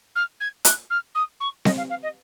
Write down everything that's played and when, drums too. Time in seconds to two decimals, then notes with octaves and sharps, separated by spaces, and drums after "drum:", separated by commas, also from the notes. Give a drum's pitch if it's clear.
0.15 F6
0.40 G#6
0.65 F#6, drum: hi-hat
0.90 F6
1.14 D#6
1.40 C#6
1.65 D#5, drum: snare C4
1.77 F5
1.89 F5
2.02 D#5